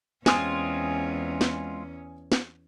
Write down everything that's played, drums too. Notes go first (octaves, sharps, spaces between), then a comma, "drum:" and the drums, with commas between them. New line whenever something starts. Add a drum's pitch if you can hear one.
E2 G#3 C4 C#4 F4 G#5 D#6, drum: snare
drum: snare
drum: snare